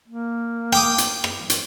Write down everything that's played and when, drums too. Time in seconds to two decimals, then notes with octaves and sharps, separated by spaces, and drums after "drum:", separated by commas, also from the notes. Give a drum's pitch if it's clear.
0.08 A#3
0.72 G5 D6 D#6, drum: rim click
0.98 drum: hi-hat
1.24 drum: rim click
1.50 drum: hi-hat